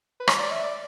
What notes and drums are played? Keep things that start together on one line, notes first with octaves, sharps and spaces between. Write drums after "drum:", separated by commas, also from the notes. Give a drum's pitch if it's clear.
B4
C#5, drum: rim click
D5
E5
D5